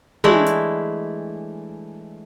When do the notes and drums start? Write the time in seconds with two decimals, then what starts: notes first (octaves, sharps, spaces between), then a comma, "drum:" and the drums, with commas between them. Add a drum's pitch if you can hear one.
0.24 E3 G#3 A3 D4 E4, drum: tom
0.46 drum: hi-hat